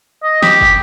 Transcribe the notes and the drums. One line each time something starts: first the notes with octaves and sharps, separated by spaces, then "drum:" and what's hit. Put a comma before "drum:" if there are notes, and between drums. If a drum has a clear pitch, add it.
D#5
G4, drum: snare
drum: kick